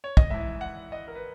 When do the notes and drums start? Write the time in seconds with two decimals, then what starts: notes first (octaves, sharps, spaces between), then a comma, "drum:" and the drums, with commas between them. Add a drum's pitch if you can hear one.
0.04 C#5
0.17 D#5, drum: kick
0.30 G#2 E3 E5
0.61 F#5
0.92 D#5
1.08 A#4
1.15 B4